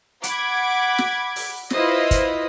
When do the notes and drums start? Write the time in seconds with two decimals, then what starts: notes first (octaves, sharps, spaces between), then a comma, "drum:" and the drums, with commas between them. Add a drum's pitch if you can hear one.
0.23 F#5 B5 D6 G#6, drum: hi-hat
0.98 drum: snare
1.36 drum: open hi-hat
1.70 E4 F4 B4 C5 D#5, drum: snare
2.11 drum: kick, hi-hat